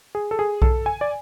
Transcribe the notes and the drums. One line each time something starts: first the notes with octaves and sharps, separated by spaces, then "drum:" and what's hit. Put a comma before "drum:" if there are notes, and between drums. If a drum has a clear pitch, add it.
G#4
A4
G#4
A4, drum: kick B1
G#5
D5